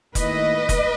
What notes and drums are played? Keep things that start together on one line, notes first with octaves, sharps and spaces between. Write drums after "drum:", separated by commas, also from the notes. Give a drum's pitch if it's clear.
D#2 D#3 A3 E4 B4 D#5, drum: kick F1, hi-hat
drum: kick F1, hi-hat